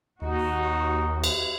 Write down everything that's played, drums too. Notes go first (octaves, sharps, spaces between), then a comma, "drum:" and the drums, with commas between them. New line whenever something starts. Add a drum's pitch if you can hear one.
D#2 D#4 F#4
drum: cymbal